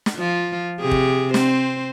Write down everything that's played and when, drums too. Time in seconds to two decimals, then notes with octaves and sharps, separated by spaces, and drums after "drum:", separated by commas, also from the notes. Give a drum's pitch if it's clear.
0.06 drum: snare
0.16 F3 F4
0.80 C3 G4 G#4
0.91 drum: kick
1.34 C4 C5, drum: snare